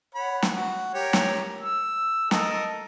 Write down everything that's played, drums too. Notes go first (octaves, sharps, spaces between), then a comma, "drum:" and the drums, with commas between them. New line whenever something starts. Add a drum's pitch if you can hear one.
C#5 F#5 B5
drum: snare
F#4
G4 A#4 C#5
drum: snare
E6
A4 A#4 D#5, drum: snare